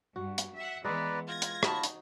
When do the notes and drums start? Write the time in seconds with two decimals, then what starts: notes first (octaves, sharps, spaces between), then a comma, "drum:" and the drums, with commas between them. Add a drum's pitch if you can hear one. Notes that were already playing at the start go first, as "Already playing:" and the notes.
0.16 G2 F#4
0.38 drum: hi-hat
0.55 E5 F#5
0.85 E3 G#3 B3 B4 D5 E5 A#5
1.28 F4 G#6 A#6
1.42 drum: hi-hat
1.63 D#4 F#4 A5 B5 C#6, drum: rim click
1.83 drum: hi-hat